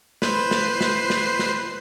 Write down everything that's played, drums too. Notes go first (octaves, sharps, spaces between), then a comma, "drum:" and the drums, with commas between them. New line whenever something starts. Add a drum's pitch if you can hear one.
B4 C5 C7, drum: snare
drum: snare
drum: snare
drum: snare
drum: snare